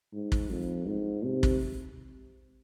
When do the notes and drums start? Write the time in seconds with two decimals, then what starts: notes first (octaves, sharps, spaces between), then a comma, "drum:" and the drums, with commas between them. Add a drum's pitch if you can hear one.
0.13 G#2
0.32 drum: kick
0.50 F2
0.87 G#2
1.25 C3
1.43 drum: kick